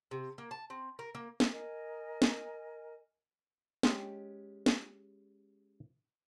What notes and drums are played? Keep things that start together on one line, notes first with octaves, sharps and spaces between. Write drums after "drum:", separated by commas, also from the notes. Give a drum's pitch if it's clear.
C3
A#3
A5
C4
A#4
A#3
drum: snare
A#4 D#5 G#5
drum: snare
G#3 C#4 G4 A5, drum: snare
drum: snare